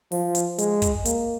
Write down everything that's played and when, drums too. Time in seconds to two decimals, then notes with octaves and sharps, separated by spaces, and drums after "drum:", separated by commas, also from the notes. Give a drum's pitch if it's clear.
0.12 F3, drum: open hi-hat
0.35 drum: hi-hat
0.58 G#3, drum: hi-hat
0.82 drum: kick, hi-hat
1.05 A#3, drum: hi-hat